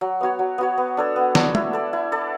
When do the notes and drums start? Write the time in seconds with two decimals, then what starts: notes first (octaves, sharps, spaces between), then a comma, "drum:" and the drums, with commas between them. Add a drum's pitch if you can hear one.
0.01 F#3
0.21 B3 F#4 C#5
0.39 F#3
0.58 B3 F#4 C#5
0.78 B3
0.97 D4 A4 C#5
1.16 B3
1.35 D4 A4 C#5, drum: snare
1.55 E4, drum: tom
1.73 A4 D5
1.93 E4
2.12 A4 D5